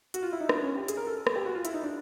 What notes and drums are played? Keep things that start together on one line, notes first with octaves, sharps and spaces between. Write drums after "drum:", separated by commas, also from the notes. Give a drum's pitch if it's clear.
F#4, drum: hi-hat
F4
E4
D#4
D4, drum: rim click
C#4
G4
G#4, drum: hi-hat
A#4
A4
A4, drum: rim click
G4
F#4
F4
E4, drum: hi-hat
D#4
D4